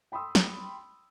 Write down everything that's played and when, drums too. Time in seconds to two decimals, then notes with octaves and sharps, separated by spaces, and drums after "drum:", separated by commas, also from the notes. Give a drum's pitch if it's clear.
0.12 G5 B5 C6 D#6 E6
0.35 drum: snare